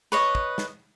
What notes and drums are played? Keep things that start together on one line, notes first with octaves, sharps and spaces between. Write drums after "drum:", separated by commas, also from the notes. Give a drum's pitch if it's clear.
B4 C#5 D#5
drum: kick
drum: snare